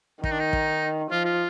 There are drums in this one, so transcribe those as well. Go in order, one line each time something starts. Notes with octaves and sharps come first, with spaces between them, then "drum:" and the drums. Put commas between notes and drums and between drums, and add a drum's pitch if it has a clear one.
D#3 D#4, drum: kick
D4
D#4
drum: kick
F3 F4
F4